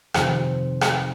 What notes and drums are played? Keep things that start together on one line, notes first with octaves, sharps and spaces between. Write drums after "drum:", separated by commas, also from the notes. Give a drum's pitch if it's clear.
F2 C3 D#3 C4, drum: rim click
drum: rim click